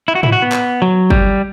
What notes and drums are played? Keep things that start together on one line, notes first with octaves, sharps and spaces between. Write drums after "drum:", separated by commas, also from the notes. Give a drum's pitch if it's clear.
E4
F#4
E4, drum: tom G#2
F#4
B3
drum: clap
F#3
G3, drum: kick